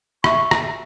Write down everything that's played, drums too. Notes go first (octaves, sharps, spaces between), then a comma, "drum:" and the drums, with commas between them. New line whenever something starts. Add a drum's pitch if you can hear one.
E5 C#6, drum: rim click
drum: rim click